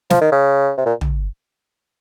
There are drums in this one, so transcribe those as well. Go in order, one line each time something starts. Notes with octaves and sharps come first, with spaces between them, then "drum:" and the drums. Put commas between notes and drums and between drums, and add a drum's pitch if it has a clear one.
F3, drum: snare
D#3
C#3
C3
A#2
drum: tom